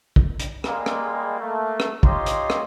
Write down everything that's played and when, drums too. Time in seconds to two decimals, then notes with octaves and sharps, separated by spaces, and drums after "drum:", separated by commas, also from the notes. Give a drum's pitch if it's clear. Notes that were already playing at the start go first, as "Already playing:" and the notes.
0.16 drum: kick
0.40 drum: hi-hat
0.64 G3 G#3 A#3, drum: rim click
0.86 drum: rim click
1.40 A3 A#3
1.80 drum: rim click
2.03 D#4 F4 G4 C#5 D#5 C6, drum: kick
2.26 drum: hi-hat
2.50 drum: rim click